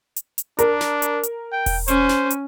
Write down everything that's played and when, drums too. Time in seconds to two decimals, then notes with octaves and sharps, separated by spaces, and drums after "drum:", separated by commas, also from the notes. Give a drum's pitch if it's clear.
0.16 drum: hi-hat
0.38 drum: hi-hat
0.59 D4 A#4, drum: hi-hat
0.81 drum: snare
1.02 drum: hi-hat
1.23 drum: hi-hat
1.52 G5
1.66 drum: kick E1, open hi-hat
1.88 C#4 C5, drum: hi-hat
2.09 drum: snare
2.30 drum: hi-hat